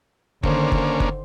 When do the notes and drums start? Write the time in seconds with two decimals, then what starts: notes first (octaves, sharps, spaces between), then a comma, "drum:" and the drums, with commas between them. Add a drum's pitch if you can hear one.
0.43 D3 D#3 A#3 C#4 D4 C5, drum: kick F#1
0.72 drum: kick F#1
1.00 drum: kick F#1